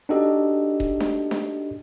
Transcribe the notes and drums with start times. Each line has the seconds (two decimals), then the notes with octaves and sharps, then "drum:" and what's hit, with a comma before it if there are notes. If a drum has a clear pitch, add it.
0.09 D4 D#4 F#4 G4 A4 D#5
0.80 drum: kick D#1
1.00 drum: snare D4
1.31 drum: snare D4